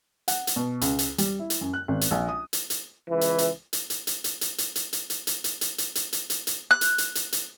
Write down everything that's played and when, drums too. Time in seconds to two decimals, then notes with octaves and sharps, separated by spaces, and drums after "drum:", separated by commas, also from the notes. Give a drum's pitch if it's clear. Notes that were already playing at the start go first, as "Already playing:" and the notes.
0.28 F#5, drum: hi-hat
0.47 drum: hi-hat
0.56 B2
0.81 C#2, drum: hi-hat
0.99 drum: hi-hat
1.18 G3, drum: hi-hat
1.39 E4
1.50 drum: hi-hat
1.61 F#2
1.73 F#6
1.88 G#1
2.01 drum: hi-hat
2.11 A#1
2.28 D#6
2.53 drum: hi-hat
2.70 drum: hi-hat
3.09 C#2 E3
3.21 drum: hi-hat
3.38 drum: hi-hat
3.73 drum: hi-hat
3.90 drum: hi-hat
4.07 drum: hi-hat
4.24 drum: hi-hat
4.41 drum: hi-hat
4.58 drum: hi-hat
4.76 drum: hi-hat
4.93 drum: hi-hat
5.10 drum: hi-hat
5.27 drum: hi-hat
5.44 drum: hi-hat
5.61 drum: hi-hat
5.78 drum: hi-hat
5.95 drum: hi-hat
6.13 drum: hi-hat
6.30 drum: hi-hat
6.47 drum: hi-hat
6.71 F#6
6.81 drum: hi-hat
6.98 drum: hi-hat
7.15 drum: hi-hat
7.32 drum: hi-hat